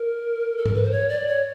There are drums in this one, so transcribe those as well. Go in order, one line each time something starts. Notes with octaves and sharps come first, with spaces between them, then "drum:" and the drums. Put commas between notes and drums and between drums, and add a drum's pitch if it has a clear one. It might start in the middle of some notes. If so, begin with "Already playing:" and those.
Already playing: A#4
A4
A#4, drum: tom G#2
B4
C5
C#5
D5
C#5